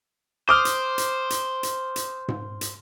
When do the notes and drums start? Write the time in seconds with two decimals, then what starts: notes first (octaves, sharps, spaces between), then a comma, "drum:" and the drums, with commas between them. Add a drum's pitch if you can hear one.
0.49 C5 D6 D#6 F6
0.65 drum: hi-hat
0.98 drum: hi-hat
1.30 drum: hi-hat
1.63 drum: hi-hat
1.96 drum: hi-hat
2.28 drum: tom G#2
2.61 drum: hi-hat